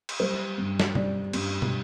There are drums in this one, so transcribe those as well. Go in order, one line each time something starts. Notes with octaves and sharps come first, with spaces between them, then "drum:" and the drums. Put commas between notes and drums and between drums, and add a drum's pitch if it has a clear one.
drum: cymbal
G3 C5
G2
drum: snare
G3 D5, drum: tom C3
G2, drum: cymbal
drum: tom